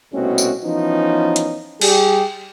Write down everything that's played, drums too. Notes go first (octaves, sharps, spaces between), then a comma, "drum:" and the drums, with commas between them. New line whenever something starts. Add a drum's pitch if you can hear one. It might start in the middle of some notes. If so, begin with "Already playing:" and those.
C2 B2 A3 C4 C#4 F#4
drum: tambourine
E3 F3 B3 C#4 D#4
drum: hi-hat
G3 G4 G#4, drum: cymbal